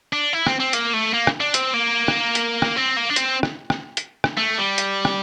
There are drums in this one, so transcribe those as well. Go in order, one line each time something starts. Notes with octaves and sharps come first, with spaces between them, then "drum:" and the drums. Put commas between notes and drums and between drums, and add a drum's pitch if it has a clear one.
D4
E4
C4, drum: rim click
C4
A#3, drum: hi-hat
A3
A#3
drum: rim click
D4
C4, drum: hi-hat
A#3
drum: rim click
drum: hi-hat
drum: rim click
C4
A#3
D4
C4, drum: hi-hat
drum: rim click
drum: rim click
drum: hi-hat
drum: rim click
A3
G3
drum: hi-hat
drum: rim click